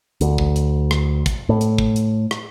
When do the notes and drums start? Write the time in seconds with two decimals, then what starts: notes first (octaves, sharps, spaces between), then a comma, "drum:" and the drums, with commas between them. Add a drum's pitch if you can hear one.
0.21 D2, drum: hi-hat
0.38 drum: kick
0.56 drum: hi-hat
0.91 drum: rim click
1.26 drum: kick, hi-hat
1.49 A2
1.61 drum: hi-hat
1.78 drum: kick
1.96 drum: hi-hat
2.31 drum: rim click